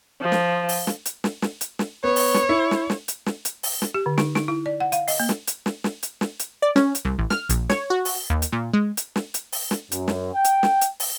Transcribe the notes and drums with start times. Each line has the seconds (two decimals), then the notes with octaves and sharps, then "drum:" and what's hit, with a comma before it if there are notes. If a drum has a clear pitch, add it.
0.22 F3
0.32 drum: snare
0.69 drum: open hi-hat
0.87 drum: snare
1.05 drum: hi-hat
1.24 drum: snare
1.42 drum: snare
1.61 drum: hi-hat
1.79 drum: snare
2.04 B3 C#5
2.16 drum: open hi-hat
2.34 drum: snare
2.49 E4
2.71 drum: snare
2.90 drum: snare
3.08 drum: hi-hat
3.26 drum: snare
3.45 drum: hi-hat
3.63 drum: open hi-hat
3.82 drum: snare
3.94 G4
4.06 D3
4.18 D#4, drum: snare
4.35 D#4, drum: snare
4.48 E4
4.66 D5
4.80 F#5
4.92 F5, drum: hi-hat
5.08 D#5, drum: open hi-hat
5.20 A#3
5.29 drum: snare
5.47 drum: hi-hat
5.66 drum: snare
5.84 drum: snare
6.03 drum: hi-hat
6.21 drum: snare
6.39 drum: hi-hat
6.62 D5
6.76 C#4, drum: snare
6.95 drum: hi-hat
7.05 C2
7.18 A1
7.30 F6, drum: snare
7.49 A#1, drum: hi-hat
7.69 C#5, drum: snare
7.90 F#4
8.05 drum: open hi-hat
8.30 D#2
8.42 drum: hi-hat
8.52 A#2
8.73 G#3
8.97 drum: hi-hat
9.16 drum: snare
9.34 drum: hi-hat
9.52 drum: open hi-hat
9.71 drum: snare
9.92 F#2, drum: hi-hat
10.08 drum: snare
10.34 G5
10.44 drum: hi-hat
10.63 drum: snare
10.81 drum: hi-hat
11.00 drum: open hi-hat